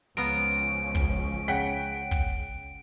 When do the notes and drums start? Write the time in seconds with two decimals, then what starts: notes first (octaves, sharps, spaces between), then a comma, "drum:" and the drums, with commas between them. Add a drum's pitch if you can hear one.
0.17 C#2 F3 B3 C#4 F4 A#5 D7
0.95 drum: kick
1.48 C#3 F#5 G5 B6
2.11 drum: kick